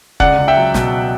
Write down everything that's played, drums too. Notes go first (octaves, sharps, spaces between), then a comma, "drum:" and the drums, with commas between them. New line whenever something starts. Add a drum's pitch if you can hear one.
C#2 D5 F#5, drum: kick F1
C#2
E5 G5
F#3
B2, drum: snare